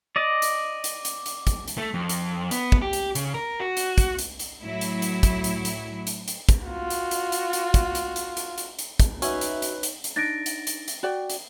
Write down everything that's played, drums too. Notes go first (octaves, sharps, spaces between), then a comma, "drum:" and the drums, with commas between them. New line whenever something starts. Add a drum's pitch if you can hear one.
D5 D#5
drum: hi-hat
drum: hi-hat
drum: hi-hat
drum: hi-hat
drum: kick, hi-hat
drum: hi-hat
A3
F2
drum: hi-hat
B3, drum: hi-hat
drum: kick
G4
drum: hi-hat
C#3, drum: hi-hat
A#4
F#4
drum: hi-hat
drum: kick, hi-hat
drum: hi-hat
drum: hi-hat
A2 F#3 E4
drum: hi-hat
drum: hi-hat
drum: kick, hi-hat
drum: hi-hat
drum: hi-hat
drum: hi-hat
drum: hi-hat
drum: kick, hi-hat
F4 F#4
drum: hi-hat
drum: hi-hat
drum: hi-hat
drum: hi-hat
drum: kick, hi-hat
drum: hi-hat
drum: hi-hat
drum: hi-hat
drum: hi-hat
drum: hi-hat
drum: kick, hi-hat
C#4 D#4 F#4 B4 E5, drum: hi-hat
drum: hi-hat
drum: hi-hat
drum: hi-hat
drum: hi-hat
D4 D#4 A6 A#6 D7
drum: hi-hat
drum: hi-hat
drum: hi-hat
F#4 D5 G5
drum: hi-hat